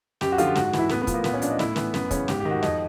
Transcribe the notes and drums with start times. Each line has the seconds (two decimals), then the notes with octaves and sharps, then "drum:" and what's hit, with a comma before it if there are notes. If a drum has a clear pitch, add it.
0.21 F#2 G4, drum: snare
0.32 F#4
0.38 D3 F3 F4, drum: hi-hat
0.55 G#2 F#4, drum: snare
0.73 E3, drum: snare
0.79 E4
0.89 A2 B3, drum: snare
1.02 B3
1.07 F3, drum: kick, hi-hat
1.14 A#3
1.24 A#2 B3, drum: snare
1.34 C#4
1.42 F3 D4, drum: hi-hat
1.50 D#4
1.59 A2 E4, drum: snare
1.76 E3 B3, drum: snare
1.94 F#2 B3, drum: snare
2.11 C#3 E3 C#4, drum: kick, hi-hat
2.28 G#2 G4, drum: snare
2.40 D#3 G4
2.51 F#4
2.63 F2 D#4, drum: snare